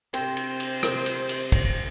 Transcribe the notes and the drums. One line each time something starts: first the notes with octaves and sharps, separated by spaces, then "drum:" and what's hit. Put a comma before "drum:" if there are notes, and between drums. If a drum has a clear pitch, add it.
C3 C4 C5, drum: cymbal
drum: cymbal
drum: cymbal
drum: rim click
drum: cymbal
drum: cymbal
drum: kick, cymbal